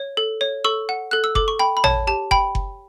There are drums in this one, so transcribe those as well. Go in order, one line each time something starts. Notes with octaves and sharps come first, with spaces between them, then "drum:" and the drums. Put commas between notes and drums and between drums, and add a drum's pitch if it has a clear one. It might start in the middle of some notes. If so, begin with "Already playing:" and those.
Already playing: C#5
A4
C#5
A4 C#6 E6
F#5
A4 F#6
E6
A4 D6, drum: kick F#1
C#6
G5 B5
B5
C#5 A5, drum: tom
G4 A5
G5 B5, drum: kick F#1
drum: kick F#1